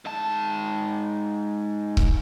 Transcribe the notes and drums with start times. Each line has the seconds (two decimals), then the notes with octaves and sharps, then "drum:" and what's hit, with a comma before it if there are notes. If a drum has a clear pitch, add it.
0.05 G#2 A5
1.97 drum: kick C#1